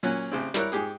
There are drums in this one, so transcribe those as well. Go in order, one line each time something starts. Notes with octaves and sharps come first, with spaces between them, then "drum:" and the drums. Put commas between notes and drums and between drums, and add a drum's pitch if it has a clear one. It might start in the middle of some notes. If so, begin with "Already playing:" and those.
A#2 F#3 C#4 F#6
A1 C#3 C4
G3 E4 A#4 C#5 F#6, drum: snare
G#2 G4 G#4, drum: hi-hat